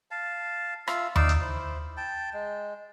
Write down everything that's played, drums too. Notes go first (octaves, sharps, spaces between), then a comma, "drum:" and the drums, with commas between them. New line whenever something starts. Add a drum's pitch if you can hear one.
F5 A5
F4 E5 F5, drum: rim click
D#4 D5 F5 E6, drum: tom D#2
drum: hi-hat
E4 C5
G5 A5
G#3